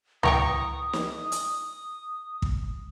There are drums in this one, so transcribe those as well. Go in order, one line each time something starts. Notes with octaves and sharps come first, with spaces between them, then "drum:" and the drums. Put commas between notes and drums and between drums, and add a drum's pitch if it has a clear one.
E3 G4 G5 A#5 C#6 D#6, drum: tom C#2
drum: snare
drum: hi-hat
drum: kick